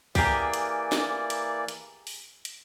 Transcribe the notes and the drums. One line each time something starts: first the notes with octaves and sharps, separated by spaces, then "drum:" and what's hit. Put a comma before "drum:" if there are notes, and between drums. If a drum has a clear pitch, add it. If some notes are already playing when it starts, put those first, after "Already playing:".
E3 A#3 G4 G#4 A#4 D5, drum: kick, open hi-hat
drum: hi-hat
drum: snare
drum: hi-hat
drum: hi-hat
drum: open hi-hat
drum: hi-hat